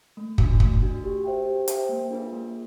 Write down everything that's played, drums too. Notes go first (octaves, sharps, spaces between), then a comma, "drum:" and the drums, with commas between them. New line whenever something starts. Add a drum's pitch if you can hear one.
A3
D4 F#4, drum: kick
A3, drum: kick
D4 F#4
G4
C5 E5 G5
G4
C5 E5 G5, drum: hi-hat
A#3
D4 F4 G#4 B4
A#3